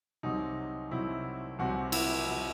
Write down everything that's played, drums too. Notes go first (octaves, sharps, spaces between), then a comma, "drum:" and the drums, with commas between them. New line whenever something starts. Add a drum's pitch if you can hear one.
C2 C3 F#3 C4 D#4
C2 C3 F#3 C4 E4
C2 C3 F#3 C4 F#4
E4, drum: cymbal
C3 F#3 C4